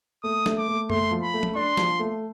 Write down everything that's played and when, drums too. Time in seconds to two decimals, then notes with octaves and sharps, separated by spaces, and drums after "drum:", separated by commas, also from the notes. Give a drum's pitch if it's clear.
0.23 A3 D#6
0.46 A3, drum: snare
0.58 D6
0.68 A3
0.90 A3 C6, drum: tom F#2
1.11 F3
1.22 B5
1.34 A3
1.43 drum: tom F3
1.56 D4 C6
1.77 F3, drum: snare
1.99 A3